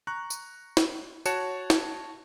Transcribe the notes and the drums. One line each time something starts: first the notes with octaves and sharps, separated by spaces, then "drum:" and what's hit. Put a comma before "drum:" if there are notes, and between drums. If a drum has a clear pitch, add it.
A#5 C#6 F#6
drum: tambourine
drum: snare
F#4 C#5 A5 F#6 C#7 E7, drum: tambourine
drum: snare